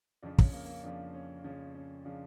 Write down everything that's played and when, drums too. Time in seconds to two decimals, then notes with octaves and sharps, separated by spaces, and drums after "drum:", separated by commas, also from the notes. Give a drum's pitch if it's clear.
0.23 F2 C#3 F3 D4
0.39 C#4, drum: kick
0.53 A#3
0.65 A#3
0.69 C#4
0.83 F2 C#3 F3 D4
1.14 C#4
1.44 F2 C#3 F3 C#4
1.74 C#4
2.05 C#3 F3 D4